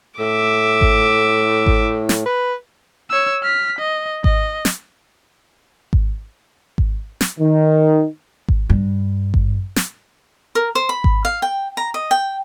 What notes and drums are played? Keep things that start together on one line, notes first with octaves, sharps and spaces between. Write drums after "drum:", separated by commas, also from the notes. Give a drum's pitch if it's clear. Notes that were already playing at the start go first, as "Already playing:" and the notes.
A2 E5 D6
drum: kick G#1
drum: kick G#1
drum: snare
B4
C#5 E6
F6 B6
D#5
D#5, drum: kick G#1
drum: snare
drum: kick G#1
drum: kick G#1
drum: snare
D#3
drum: kick G#1
G2
drum: kick G#1
drum: snare
A#4
C5
B5
drum: kick G#1
F5
G5
A#5
D#5
G5